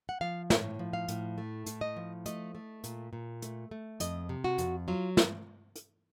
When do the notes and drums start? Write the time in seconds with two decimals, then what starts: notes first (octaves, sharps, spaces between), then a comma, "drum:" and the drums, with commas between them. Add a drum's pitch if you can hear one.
0.09 F#5
0.21 F3 F5
0.50 A2 C#5, drum: snare
0.79 F3
0.93 F5
1.08 A2, drum: hi-hat
1.38 A3
1.66 A2, drum: hi-hat
1.81 D#5
1.97 F3
2.26 A3 D#5, drum: hi-hat
2.55 A3
2.84 A#2, drum: hi-hat
3.13 A#2
3.42 A3, drum: hi-hat
3.71 A3
4.00 F2 D#5, drum: hi-hat
4.29 C3
4.44 F#4
4.58 F2, drum: hi-hat
4.88 F#3 F4
5.17 drum: snare
5.76 drum: hi-hat